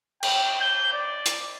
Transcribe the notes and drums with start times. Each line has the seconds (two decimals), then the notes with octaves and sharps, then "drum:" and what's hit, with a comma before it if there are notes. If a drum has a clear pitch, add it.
0.23 G5, drum: cymbal
0.61 G6
0.93 D5
1.26 drum: hi-hat